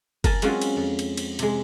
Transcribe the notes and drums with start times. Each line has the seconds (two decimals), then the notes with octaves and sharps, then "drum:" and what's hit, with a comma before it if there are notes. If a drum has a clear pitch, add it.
0.24 A#4 G#5 A5, drum: kick F#1, cymbal
0.42 F#3 G#3 C4 C#4 F4 F#4, drum: cymbal
0.61 drum: cymbal
0.76 F2
0.99 drum: cymbal
1.17 drum: cymbal
1.39 C3 G#3, drum: cymbal